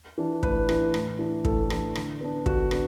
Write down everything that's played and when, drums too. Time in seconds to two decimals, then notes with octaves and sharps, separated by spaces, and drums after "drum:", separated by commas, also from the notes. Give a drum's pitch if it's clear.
0.18 E3 D4
0.43 A2 B4, drum: kick
0.69 E3 D4, drum: rim click
0.94 A2, drum: rim click
1.19 E3 D4
1.45 A2 A4, drum: kick
1.70 E3 D4, drum: rim click
1.95 D3, drum: rim click
2.21 B3 D4
2.46 D3 F#4, drum: kick
2.71 B3 D4, drum: rim click